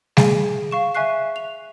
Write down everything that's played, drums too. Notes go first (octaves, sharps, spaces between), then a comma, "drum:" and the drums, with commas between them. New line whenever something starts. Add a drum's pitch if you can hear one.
G#4 G#5, drum: snare G3
F5 C#6 E7
E5 G#5 C#6 F#6 C7
F7